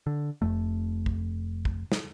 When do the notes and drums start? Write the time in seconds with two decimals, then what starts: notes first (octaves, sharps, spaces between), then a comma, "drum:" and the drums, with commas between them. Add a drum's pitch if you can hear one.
0.07 D3
0.42 F1 F2 A3
1.06 drum: kick
1.65 drum: kick
1.92 drum: snare